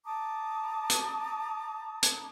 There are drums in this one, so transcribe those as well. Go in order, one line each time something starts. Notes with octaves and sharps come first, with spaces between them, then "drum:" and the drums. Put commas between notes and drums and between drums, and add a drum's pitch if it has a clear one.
A5 A#5 D6 D#6
drum: hi-hat
drum: hi-hat